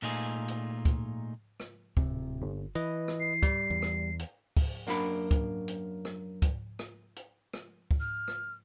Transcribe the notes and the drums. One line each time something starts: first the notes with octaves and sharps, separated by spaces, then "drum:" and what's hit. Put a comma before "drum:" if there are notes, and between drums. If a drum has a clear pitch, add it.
A#2 A3 D#4 F4 G#4
drum: hi-hat
drum: kick, hi-hat
drum: rim click
D1 C3, drum: kick
G1
E3 B4 D#5
drum: rim click
C7
G3, drum: kick, hi-hat
E2
drum: rim click
drum: hi-hat
drum: kick, open hi-hat
F#2 A#3 D4 F#4 B5
drum: kick, hi-hat
drum: hi-hat
drum: rim click
drum: kick, hi-hat
drum: rim click
drum: hi-hat
drum: rim click
drum: kick
F6
drum: rim click